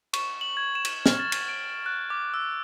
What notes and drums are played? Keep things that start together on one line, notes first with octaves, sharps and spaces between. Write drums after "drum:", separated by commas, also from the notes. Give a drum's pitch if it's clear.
C#6, drum: cymbal
F#7
G#6
E7
drum: cymbal
F6, drum: snare
A6
drum: cymbal
D7
F#6
D6
E6